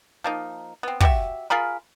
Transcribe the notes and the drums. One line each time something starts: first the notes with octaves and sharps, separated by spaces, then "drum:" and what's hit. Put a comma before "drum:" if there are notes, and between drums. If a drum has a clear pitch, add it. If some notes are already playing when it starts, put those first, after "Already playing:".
F3 A#3 D#4
B3 C4
F#4 G4 C5 E5, drum: kick
F4 G#4 A#4 B5